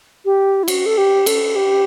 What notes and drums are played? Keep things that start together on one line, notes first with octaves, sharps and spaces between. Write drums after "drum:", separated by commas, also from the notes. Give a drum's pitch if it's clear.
G4
E4
F#4, drum: cymbal
A4
G4
A4, drum: cymbal
G4